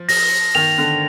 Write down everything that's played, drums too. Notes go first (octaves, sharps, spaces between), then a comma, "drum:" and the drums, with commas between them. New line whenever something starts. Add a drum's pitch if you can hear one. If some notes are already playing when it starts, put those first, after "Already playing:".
Already playing: F3
A#6, drum: open hi-hat
D#3 F7
D3